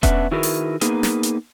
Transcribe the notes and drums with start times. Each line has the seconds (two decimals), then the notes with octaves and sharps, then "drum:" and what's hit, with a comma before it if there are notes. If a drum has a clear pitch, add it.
0.03 B3 C#4 D4 B4 E5 F#5, drum: kick E1, hi-hat
0.31 D#3 E4 F#4 G#4 A#4 B4
0.43 drum: open hi-hat
0.81 A#3 B3 D#4 G#4 B4, drum: hi-hat
1.03 drum: snare
1.23 drum: hi-hat